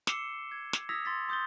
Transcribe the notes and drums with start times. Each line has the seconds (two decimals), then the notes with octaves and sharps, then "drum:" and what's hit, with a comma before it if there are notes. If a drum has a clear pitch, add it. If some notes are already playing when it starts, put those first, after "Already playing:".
0.07 D6 E6 C7 C#7 E7 G7, drum: snare
0.51 G#6
0.73 drum: snare
0.89 D#6 E6 G#6 A#6 B6 F7
1.05 C6 A6 B6
1.29 C6 D#6 G6 A6 G7